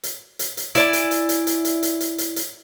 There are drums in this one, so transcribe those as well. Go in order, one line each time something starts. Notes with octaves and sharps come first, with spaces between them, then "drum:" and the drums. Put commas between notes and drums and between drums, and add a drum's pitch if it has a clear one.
drum: hi-hat
drum: hi-hat
drum: hi-hat
E4 D5 G#5, drum: hi-hat
drum: hi-hat
drum: hi-hat
drum: hi-hat
drum: hi-hat
drum: hi-hat
drum: hi-hat
drum: hi-hat
drum: hi-hat
drum: hi-hat